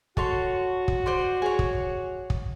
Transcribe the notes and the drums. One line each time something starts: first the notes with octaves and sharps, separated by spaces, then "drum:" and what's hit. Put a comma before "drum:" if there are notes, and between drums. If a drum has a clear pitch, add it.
F#4 A4 C#5 C6, drum: kick
drum: kick
C5 D5 C6
G#4 C#5
drum: kick
drum: kick